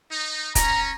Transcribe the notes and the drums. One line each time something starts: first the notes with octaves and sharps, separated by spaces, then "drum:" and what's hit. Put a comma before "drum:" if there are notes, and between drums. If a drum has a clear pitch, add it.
D#4
C#4 A#5, drum: kick, hi-hat